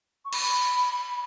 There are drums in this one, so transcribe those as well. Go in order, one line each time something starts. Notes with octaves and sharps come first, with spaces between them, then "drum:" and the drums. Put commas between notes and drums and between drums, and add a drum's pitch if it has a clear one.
C#6
B5, drum: cymbal